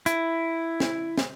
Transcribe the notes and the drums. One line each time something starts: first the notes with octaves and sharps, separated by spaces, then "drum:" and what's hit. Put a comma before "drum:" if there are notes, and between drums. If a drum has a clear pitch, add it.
E4, drum: hi-hat
drum: snare
drum: snare